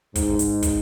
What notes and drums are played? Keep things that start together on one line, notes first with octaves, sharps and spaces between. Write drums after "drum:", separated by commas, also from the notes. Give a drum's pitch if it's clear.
G#2, drum: kick, hi-hat
drum: hi-hat
drum: kick, hi-hat